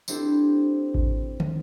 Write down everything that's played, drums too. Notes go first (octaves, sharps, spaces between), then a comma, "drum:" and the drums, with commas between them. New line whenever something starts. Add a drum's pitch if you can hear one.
C4 D4 E4 G4 A4 C5, drum: tambourine
drum: kick A1
drum: tom